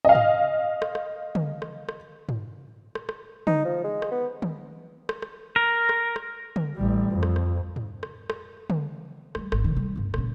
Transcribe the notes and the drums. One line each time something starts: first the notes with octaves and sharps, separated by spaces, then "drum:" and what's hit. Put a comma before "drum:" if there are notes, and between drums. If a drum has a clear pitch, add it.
D#5 F5
drum: tom
drum: rim click
drum: rim click
drum: tom
drum: rim click
drum: rim click
drum: tom
drum: rim click
drum: rim click
D#4, drum: tom
F3
G#3
drum: rim click
B3
drum: tom
drum: rim click
drum: rim click
A#4
drum: rim click
drum: rim click
drum: tom
A1 G3
F2
drum: rim click
drum: rim click
drum: tom
drum: rim click
drum: rim click
drum: tom
G3 G#3, drum: rim click
G#1, drum: rim click
C3 D#3
G3
G1 C#2
A#2 C#3, drum: rim click